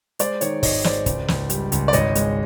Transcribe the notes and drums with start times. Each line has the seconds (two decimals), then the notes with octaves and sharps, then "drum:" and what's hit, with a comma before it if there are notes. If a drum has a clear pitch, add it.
0.19 G#3 C5 D5, drum: hi-hat
0.41 D#3 C#5, drum: hi-hat
0.63 G#1 C#5 D#5, drum: kick, open hi-hat
0.84 G#3 C5 D5, drum: snare
1.06 C#2, drum: kick, hi-hat
1.28 C#2, drum: snare
1.50 G3, drum: hi-hat
1.72 C#2, drum: hi-hat
1.88 D5
1.93 G#1 C#5 D#5, drum: hi-hat
2.15 G#3, drum: hi-hat